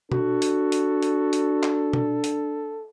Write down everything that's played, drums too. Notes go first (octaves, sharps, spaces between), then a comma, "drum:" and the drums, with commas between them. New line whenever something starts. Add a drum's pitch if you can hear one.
D4 F#4 A4, drum: tom
drum: hi-hat
drum: hi-hat
drum: hi-hat
drum: hi-hat
drum: clap
drum: tom
drum: hi-hat